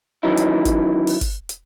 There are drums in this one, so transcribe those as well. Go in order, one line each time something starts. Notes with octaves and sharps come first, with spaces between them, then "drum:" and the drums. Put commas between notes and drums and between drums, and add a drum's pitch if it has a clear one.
D#3 E3 F#3 C#4 D#4 E4
drum: hi-hat
drum: kick G1, hi-hat
drum: open hi-hat
drum: kick G1, hi-hat
drum: hi-hat